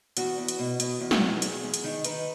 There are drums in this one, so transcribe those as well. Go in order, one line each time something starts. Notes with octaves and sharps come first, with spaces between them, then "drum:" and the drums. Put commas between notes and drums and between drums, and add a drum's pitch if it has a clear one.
E2 F#4, drum: hi-hat
E2
drum: hi-hat
B2
B2, drum: hi-hat
E2
drum: snare
E2
E2 G#4, drum: hi-hat
E2
drum: hi-hat
D#3
D#3 B4, drum: hi-hat